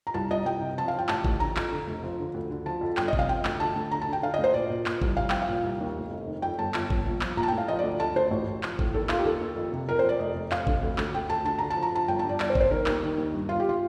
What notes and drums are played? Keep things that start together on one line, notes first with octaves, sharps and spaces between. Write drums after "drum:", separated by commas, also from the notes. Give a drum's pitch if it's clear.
A#5
C2 A5
C2 D#5
C2 G5
C3
F3 A5
F5
F3
G5
A1 A5, drum: clap
A1, drum: kick G#1
D3 A#5
F2, drum: clap
D3
F1
F3
D3
D2
D3
F3 A5
F2
G1 G5, drum: clap
D#5
C3, drum: kick G#1
F5
F3 G5
D2, drum: clap
D3 A5
D2
D3 A#5
A5
D3
G5
D3 F5
D#5
D2
C5
A#2 D5
A#2
A#2, drum: clap
C2, drum: kick G#1
C2 F5
F3 G5, drum: clap
F5
A#2
C2
D#2
F1
F1
D#3
F2 G5
G1 A5
G1, drum: clap
G1, drum: kick G#1
A#1
F3, drum: clap
A#1 A#5
A5
G5
A2
F5
F3 D#5
D5
D2
D2 A5
D2 C5
A1
A1
F3, drum: clap
A2, drum: kick G#1
D#2 A4
D#2 F4, drum: clap
G4
D#2 A4
D#2
F2
C3
F2 A#4
C5
F2 D5
F1 D#5
F1
F1 F5, drum: clap
D3, drum: kick G#1
D2
D2, drum: clap
D2 G5
D2 A5
D3 A5
D3 A#5
A5
F3
A#5
F3 A5
G1 G5
A5
G2 D5
G1 D5, drum: clap
C5
G1, drum: kick G#1
C5
D#3 A#4
D#2, drum: clap
D#3
D#2
G2
G1 F4
G4
F4